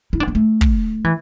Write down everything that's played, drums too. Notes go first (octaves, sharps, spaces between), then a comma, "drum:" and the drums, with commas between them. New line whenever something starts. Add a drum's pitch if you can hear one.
E4
D4
B3
A3
drum: kick
E3